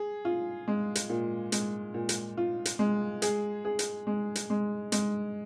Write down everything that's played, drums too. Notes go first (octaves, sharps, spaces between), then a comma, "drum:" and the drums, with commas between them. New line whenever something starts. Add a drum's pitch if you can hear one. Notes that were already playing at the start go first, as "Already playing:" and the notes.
Already playing: G#4
F4
G#3
drum: hi-hat
A#2
G#3, drum: hi-hat
A#2
drum: hi-hat
F4
drum: hi-hat
G#3
G#4, drum: hi-hat
G#4
drum: hi-hat
G#3
drum: hi-hat
G#3
G#3, drum: hi-hat